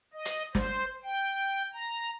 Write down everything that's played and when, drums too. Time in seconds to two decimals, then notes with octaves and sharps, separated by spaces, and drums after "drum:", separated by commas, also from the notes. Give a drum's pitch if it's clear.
0.14 D#5
0.25 drum: hi-hat
0.55 C5, drum: snare
1.03 G5
1.73 A#5